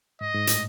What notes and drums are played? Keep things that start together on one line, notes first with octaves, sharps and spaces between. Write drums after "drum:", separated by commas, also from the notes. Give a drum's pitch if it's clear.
G#2 D#5
G#2
A2, drum: hi-hat